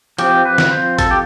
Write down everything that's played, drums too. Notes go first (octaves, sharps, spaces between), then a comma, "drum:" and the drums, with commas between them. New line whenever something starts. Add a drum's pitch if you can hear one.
F3 C4 G4, drum: hi-hat
B4
drum: snare
C5
A4, drum: kick, hi-hat
G4